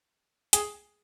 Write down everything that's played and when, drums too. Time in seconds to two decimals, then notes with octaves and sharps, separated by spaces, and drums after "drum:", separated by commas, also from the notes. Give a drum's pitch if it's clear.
0.53 G#4, drum: hi-hat